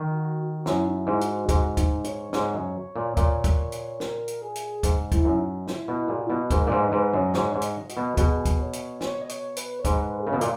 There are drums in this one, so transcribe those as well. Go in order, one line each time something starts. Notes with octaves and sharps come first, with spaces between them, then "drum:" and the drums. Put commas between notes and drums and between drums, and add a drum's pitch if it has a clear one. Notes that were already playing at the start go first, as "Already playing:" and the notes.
Already playing: D#3
F#4
F#4
F#2 E4, drum: snare
D#4
E4
G#2
F#4, drum: hi-hat
G#4
G#2 F#4, drum: kick, hi-hat
D#4, drum: kick, hi-hat
C#5, drum: hi-hat
G#2 C#5, drum: snare
F#2
A#2
A#2, drum: kick, hi-hat
drum: kick, hi-hat
drum: hi-hat
A#4, drum: snare
drum: hi-hat
G#4
drum: hi-hat
G#2, drum: kick, hi-hat
E4, drum: kick, hi-hat
F#2
D#4
E4, drum: snare
B2
A#2 G#4
F#4
B2 E4
F#4
G#2 A#4, drum: kick, hi-hat
A#2
G#2 B4
G#2 B4
F#2 C#5
D#5
G#2 C#5, drum: snare
G#2
D#5, drum: hi-hat
F#4, drum: hi-hat
B2
B2 G#4, drum: kick, hi-hat
drum: kick, hi-hat
C#5
drum: hi-hat
C#5, drum: snare
D#5
C#5, drum: hi-hat
B4, drum: hi-hat
C#5
G#2 B4, drum: kick, hi-hat
G#4
C#3 A#4
B2
A#2, drum: hi-hat